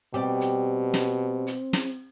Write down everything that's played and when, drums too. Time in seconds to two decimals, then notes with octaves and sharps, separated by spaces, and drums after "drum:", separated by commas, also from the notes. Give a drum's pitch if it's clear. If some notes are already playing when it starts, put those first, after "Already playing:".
0.14 B2 G3 C4 G4
0.41 drum: hi-hat
0.94 drum: snare
1.47 drum: hi-hat
1.73 drum: snare